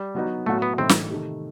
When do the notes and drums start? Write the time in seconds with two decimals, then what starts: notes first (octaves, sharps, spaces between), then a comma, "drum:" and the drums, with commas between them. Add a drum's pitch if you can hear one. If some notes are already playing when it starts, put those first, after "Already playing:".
Already playing: G3
0.15 F#3 B3 D#4 F#4
0.46 A2 F#3 A3 B3 F#4
0.62 B3
0.78 A2 E3 A3 C4 D#4 F#4
0.89 drum: snare
1.09 C3 D#3 A3